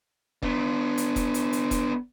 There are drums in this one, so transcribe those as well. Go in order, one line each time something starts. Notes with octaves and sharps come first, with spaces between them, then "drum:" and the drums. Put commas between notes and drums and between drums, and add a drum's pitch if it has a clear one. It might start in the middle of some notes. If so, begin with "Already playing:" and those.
B3 D4, drum: kick
drum: hi-hat
drum: kick, hi-hat
drum: hi-hat
drum: hi-hat
drum: kick, hi-hat